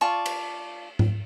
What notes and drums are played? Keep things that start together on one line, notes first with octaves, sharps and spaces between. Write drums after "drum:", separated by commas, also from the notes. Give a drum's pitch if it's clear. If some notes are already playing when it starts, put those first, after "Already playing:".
F4 D5 A5 C#6
drum: cymbal
drum: tom G#2